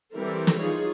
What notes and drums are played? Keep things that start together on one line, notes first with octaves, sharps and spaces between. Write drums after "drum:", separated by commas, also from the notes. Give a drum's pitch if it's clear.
E3 G3 C4 G4 A4 A#4
drum: snare
D#4 F4 G#4 C#5